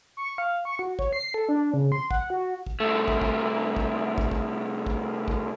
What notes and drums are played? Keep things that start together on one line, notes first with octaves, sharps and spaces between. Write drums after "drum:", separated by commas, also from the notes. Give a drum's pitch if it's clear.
C#6
F5
C#6
F#4
C#5, drum: kick
C7
A4
D4
C#3
C6
F#5, drum: kick
F#4
drum: kick
C2 A3
drum: kick
drum: kick
drum: kick
drum: kick
drum: kick
drum: kick
drum: kick